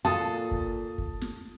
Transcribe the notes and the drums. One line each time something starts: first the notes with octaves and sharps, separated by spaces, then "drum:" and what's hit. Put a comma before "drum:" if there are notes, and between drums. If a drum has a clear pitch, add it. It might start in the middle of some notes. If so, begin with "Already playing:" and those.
A#2 A4 F5 A5 D#6, drum: snare
drum: kick
drum: kick
drum: snare